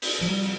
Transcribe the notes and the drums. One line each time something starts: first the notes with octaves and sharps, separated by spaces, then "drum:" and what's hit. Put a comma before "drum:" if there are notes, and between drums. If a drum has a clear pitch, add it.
drum: open hi-hat
F3
F2 C3 G3